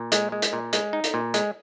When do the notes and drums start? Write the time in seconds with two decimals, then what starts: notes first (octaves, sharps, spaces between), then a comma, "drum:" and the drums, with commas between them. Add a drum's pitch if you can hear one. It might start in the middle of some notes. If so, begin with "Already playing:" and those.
Already playing: A#2
0.12 G#3, drum: hi-hat
0.32 G#3
0.42 drum: hi-hat
0.53 A#2
0.73 G#3, drum: hi-hat
0.93 D#4
1.04 drum: hi-hat
1.14 A#2
1.34 G#3, drum: hi-hat